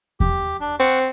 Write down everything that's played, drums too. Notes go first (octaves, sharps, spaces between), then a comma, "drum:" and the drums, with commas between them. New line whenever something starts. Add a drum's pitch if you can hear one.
G4, drum: kick E2
D4
C4 F#5 C#6